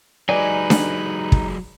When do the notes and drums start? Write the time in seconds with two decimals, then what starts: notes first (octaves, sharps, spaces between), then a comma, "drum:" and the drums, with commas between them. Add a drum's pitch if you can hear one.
0.29 F#3 G#3 D#4 B4 D5 G#5 B5
0.70 drum: snare D4
1.32 drum: kick